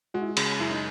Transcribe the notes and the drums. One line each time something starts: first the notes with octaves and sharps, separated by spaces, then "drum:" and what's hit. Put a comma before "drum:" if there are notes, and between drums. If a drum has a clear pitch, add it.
G#3 F#4
E4
F#4
C#3, drum: cymbal
F#2 E4
D#4